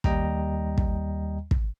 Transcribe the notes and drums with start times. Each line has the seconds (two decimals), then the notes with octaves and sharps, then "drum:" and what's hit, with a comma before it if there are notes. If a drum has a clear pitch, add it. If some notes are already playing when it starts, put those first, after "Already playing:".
0.04 D#2 G3 D#5 G5 A#5, drum: kick
0.78 drum: kick
1.51 drum: kick